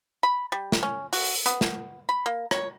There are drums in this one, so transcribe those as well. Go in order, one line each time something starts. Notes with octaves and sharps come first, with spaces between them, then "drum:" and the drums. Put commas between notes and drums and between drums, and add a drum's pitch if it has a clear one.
B5
G3
drum: snare
C#4
F#4, drum: open hi-hat
B3, drum: hi-hat
drum: snare
B5
A#3
C#5, drum: rim click